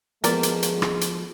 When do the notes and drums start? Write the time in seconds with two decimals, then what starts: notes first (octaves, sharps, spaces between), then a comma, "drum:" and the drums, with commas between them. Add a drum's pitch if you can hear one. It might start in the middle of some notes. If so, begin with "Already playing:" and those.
0.24 D2 F3 G#3 B3 A#4 D5, drum: hi-hat
0.43 drum: hi-hat
0.63 drum: hi-hat
0.82 drum: rim click
1.01 drum: hi-hat